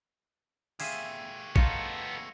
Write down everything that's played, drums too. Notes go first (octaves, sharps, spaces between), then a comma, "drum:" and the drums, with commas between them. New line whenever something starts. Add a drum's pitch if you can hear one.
A3 F4 G4 G#4 E5 G#6 D#7, drum: open hi-hat
B3 D#4 F4 A4 C#5 A#6 C#7, drum: kick A#1